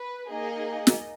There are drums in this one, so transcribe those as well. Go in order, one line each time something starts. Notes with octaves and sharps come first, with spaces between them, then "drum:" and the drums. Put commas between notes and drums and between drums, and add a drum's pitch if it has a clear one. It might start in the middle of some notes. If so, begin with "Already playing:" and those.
Already playing: B4
A#3 D#4 G#4 D#5
drum: snare